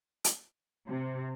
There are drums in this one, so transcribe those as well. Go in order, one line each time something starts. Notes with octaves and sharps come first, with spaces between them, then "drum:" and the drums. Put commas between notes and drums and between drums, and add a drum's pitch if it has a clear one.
drum: hi-hat
C3